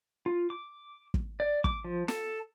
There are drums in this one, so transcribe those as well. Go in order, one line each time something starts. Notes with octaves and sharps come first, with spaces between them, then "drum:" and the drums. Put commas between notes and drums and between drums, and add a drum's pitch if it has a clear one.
F4
D6
drum: kick
D5
D6, drum: kick
F3
A4, drum: snare